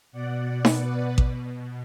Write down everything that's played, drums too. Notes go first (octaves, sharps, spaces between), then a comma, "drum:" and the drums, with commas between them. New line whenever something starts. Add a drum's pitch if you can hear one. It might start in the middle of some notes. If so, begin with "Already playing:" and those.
B2 D5 F#5
B4 D5, drum: snare D#4
B2, drum: kick A1